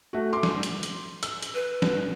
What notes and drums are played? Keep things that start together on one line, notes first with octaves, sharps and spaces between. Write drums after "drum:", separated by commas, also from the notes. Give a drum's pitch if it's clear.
A3 F#4
C6 D6
drum: snare
drum: hi-hat
drum: hi-hat
E6, drum: hi-hat
drum: hi-hat
B4
drum: snare